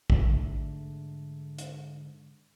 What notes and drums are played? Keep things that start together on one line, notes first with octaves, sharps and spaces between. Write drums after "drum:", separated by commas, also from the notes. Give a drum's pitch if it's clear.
G#2 D3 A3 D4, drum: kick
drum: hi-hat